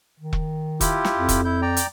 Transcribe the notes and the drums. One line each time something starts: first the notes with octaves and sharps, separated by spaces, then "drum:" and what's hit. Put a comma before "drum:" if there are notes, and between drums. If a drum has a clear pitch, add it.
D#3
drum: kick E1
E4 F4 G4, drum: kick E1, hi-hat
drum: snare
F2
drum: kick E1, hi-hat
E4 G6
D5 G5 A#5
drum: hi-hat